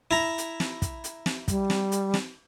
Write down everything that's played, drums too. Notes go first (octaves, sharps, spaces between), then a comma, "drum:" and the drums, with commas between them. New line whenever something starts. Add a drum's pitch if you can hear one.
E4 A#5
drum: hi-hat
drum: snare
drum: kick, hi-hat
drum: hi-hat
drum: snare
G3, drum: kick, hi-hat
drum: snare
drum: hi-hat
drum: snare